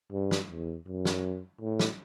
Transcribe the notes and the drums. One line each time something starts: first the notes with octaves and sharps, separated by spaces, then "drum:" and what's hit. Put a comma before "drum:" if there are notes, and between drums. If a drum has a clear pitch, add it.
G2
drum: snare
E2
F#2
drum: snare
A2
drum: snare